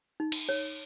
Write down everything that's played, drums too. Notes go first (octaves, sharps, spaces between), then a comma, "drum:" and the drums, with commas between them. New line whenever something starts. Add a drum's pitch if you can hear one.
D#4
drum: cymbal
C#5